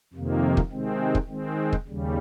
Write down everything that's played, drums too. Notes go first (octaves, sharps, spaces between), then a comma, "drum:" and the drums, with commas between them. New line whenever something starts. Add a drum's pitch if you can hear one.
F2 C3 D#3 A#3
drum: kick
C3 D#3 G#3 C4
drum: kick
D#3 G#3 C4
drum: kick
D#2 C#3 G3